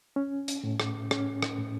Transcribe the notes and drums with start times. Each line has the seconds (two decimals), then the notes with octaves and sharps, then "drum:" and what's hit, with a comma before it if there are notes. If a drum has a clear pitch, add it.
0.16 C#4
0.48 drum: hi-hat
0.64 A2
0.80 drum: rim click
1.11 C#4, drum: rim click
1.42 drum: rim click
1.58 A2